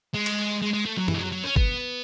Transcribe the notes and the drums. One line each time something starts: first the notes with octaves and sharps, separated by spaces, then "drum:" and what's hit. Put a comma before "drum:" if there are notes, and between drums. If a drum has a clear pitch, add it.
G#3
drum: cymbal
G#3
G#3
A3
F#3
E3, drum: tom F#2
G#3
F#3
F#3
C#4
B3, drum: kick G1